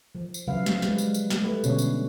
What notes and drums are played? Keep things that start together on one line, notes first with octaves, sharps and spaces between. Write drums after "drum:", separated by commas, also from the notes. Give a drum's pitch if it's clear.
F3
drum: tambourine
C#3 F3 F#3 B4 E5 F5
drum: snare
G3 G#3 B4, drum: snare
drum: tambourine
drum: tambourine
drum: snare
G3 A3 B4
B2 D3 C#4 C#5, drum: tambourine
drum: tambourine